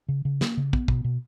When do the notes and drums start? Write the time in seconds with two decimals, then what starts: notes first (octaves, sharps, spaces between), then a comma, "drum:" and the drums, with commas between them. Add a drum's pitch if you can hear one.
0.09 C#3
0.25 C#3
0.41 A#3, drum: snare
0.57 C#3
0.73 B3, drum: kick
0.88 B2, drum: kick
1.04 B2